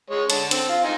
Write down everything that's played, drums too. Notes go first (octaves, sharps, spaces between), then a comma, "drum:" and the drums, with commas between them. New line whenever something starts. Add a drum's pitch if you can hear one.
G#3 C#5
D3 A5, drum: hi-hat
C4, drum: hi-hat
F4
D#4 C5 G#5